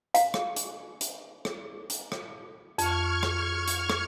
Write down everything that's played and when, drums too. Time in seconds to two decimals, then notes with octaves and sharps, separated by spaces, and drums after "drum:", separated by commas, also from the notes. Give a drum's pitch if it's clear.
0.14 F5, drum: hi-hat
0.34 drum: rim click
0.56 drum: hi-hat
1.01 drum: hi-hat
1.45 drum: rim click
1.90 drum: hi-hat
2.12 drum: rim click
2.78 F2 C#6 F6 G#6, drum: hi-hat
3.23 drum: rim click
3.67 drum: hi-hat
3.90 drum: rim click